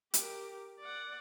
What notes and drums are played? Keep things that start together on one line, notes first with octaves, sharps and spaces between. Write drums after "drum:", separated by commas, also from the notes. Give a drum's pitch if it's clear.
G4 A#4, drum: hi-hat
D5 F#5